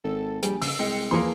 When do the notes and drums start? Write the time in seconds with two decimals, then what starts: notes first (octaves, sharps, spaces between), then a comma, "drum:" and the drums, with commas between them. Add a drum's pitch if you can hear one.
0.04 G#1 A4
0.43 A#1 G3 G#4, drum: hi-hat
0.62 C#3 E6, drum: open hi-hat
0.79 C2 G#3 G5 C#7
1.11 E2 E3 F3 A#3 G#4 C6